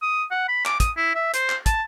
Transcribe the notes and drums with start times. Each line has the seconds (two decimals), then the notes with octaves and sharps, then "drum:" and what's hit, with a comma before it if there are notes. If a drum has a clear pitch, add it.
0.02 D#6
0.31 F#5
0.48 B5
0.66 D6, drum: clap
0.80 D#6, drum: kick, hi-hat
0.97 E4
1.15 E5
1.34 C5, drum: hi-hat
1.50 drum: clap
1.66 A5, drum: kick, hi-hat